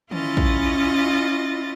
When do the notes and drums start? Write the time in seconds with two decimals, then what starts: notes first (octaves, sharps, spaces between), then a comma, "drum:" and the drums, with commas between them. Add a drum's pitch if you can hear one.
0.11 C#4 E4 F4 D#5 A6, drum: tom
0.37 drum: kick